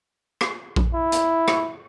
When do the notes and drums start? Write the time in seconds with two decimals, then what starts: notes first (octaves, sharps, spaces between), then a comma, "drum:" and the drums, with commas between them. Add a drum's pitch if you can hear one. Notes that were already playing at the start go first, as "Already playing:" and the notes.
0.41 drum: rim click
0.76 drum: kick A#1
0.94 E4
1.12 drum: hi-hat
1.48 drum: rim click